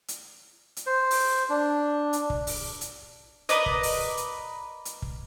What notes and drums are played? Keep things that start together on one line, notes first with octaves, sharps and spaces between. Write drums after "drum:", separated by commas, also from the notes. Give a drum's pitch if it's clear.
drum: hi-hat
drum: hi-hat
C5
drum: open hi-hat
D4
drum: hi-hat
drum: kick
drum: open hi-hat
drum: hi-hat
A#4 B4 D5 D#5, drum: hi-hat
drum: kick
drum: open hi-hat
drum: hi-hat
drum: hi-hat
drum: kick